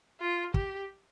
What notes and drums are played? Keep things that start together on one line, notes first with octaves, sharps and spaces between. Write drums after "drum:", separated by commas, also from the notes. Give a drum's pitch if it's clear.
F4
G4, drum: kick